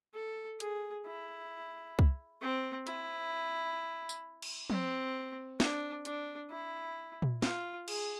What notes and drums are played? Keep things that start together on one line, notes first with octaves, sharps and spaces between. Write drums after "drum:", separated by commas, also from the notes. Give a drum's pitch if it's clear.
A4
G#4, drum: hi-hat
E4
drum: kick C2
C4
E4, drum: hi-hat
drum: tambourine
drum: cymbal
C4, drum: tom F3
D4, drum: snare
D4, drum: hi-hat
E4
drum: tom A#2
F4, drum: snare
G#4, drum: cymbal